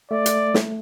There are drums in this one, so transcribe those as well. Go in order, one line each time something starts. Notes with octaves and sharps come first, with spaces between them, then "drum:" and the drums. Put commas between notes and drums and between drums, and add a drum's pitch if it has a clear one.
A3 D5
drum: hi-hat
drum: snare